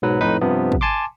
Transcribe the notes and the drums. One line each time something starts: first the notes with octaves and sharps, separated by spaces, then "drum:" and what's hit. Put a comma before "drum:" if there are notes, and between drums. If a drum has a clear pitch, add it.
B1 G#2 F#3 B4
F2 A2 D#4 B4
G2 C3 F3 B3
drum: kick
G#5 A5 C6 D6